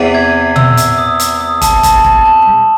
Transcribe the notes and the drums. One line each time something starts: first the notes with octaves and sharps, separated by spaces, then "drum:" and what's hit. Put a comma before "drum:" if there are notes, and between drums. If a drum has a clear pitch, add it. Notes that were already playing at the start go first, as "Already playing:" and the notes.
Already playing: E2 C3 E3
G#6
E6, drum: tom A#2
drum: hi-hat
D#6
drum: hi-hat
D#6
A5, drum: kick, hi-hat
A5, drum: kick, hi-hat
A5, drum: kick
A5